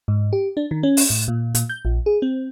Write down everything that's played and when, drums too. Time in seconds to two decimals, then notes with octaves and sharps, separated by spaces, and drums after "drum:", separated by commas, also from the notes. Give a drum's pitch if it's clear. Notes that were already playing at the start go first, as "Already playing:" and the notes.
0.08 G#2
0.33 G4
0.57 D4
0.71 D#3
0.83 C#4
0.97 drum: open hi-hat
1.10 A2
1.28 A#2
1.55 A#2, drum: hi-hat
1.69 G6
1.85 A#1
2.06 G#4
2.22 C4